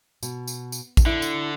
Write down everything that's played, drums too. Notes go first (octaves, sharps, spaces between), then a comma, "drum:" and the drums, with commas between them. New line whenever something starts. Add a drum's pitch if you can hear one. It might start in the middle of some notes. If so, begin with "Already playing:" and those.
B2, drum: tambourine
drum: tambourine
drum: tambourine
drum: kick A1, tambourine
D3 E4
drum: tambourine